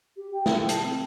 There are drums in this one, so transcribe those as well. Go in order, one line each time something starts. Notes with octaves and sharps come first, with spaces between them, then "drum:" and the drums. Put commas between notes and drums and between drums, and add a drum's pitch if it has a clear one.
G4
G5
drum: snare
A5, drum: hi-hat
C4